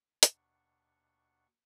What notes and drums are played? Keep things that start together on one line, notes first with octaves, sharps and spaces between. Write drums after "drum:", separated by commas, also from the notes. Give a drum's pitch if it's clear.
D#2 B2 D4 F#5 C#6, drum: hi-hat